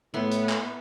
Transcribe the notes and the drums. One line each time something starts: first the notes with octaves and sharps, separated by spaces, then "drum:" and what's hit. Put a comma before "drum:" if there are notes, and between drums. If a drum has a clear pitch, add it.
A2 B3 E4 C6
drum: hi-hat
drum: clap